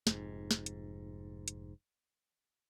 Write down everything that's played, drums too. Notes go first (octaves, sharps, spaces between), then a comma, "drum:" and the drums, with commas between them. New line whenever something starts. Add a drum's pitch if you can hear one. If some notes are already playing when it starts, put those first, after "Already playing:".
F1 G#2, drum: snare
drum: snare
drum: hi-hat
drum: hi-hat